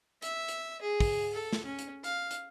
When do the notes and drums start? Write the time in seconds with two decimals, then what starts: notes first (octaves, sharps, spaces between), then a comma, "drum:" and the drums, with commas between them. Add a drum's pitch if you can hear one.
0.22 E5, drum: hi-hat
0.48 drum: hi-hat
0.81 G#4
1.00 drum: kick, open hi-hat
1.33 A4
1.53 drum: snare
1.65 C#4
1.79 drum: hi-hat
2.04 F5, drum: hi-hat
2.31 drum: hi-hat